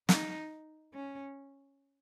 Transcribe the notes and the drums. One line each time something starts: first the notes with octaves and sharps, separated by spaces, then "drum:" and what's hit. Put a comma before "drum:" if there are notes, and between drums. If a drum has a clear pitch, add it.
D#4, drum: snare
C#4